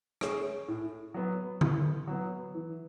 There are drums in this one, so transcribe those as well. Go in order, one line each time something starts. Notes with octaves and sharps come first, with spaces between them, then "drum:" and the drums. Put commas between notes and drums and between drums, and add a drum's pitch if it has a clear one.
C#4 G#4, drum: rim click
A2
F#3 B3
A2, drum: tom D3
F#3 B3
E3